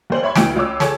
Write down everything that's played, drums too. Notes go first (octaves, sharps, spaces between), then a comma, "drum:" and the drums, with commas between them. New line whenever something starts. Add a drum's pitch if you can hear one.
D#2 C5 F#7
C#5 E5 B5 C6 G#6
D2 E3 G5 D7, drum: snare
C#2 F4 C#5 D6 E6
G#4 A4 C#5 A5, drum: snare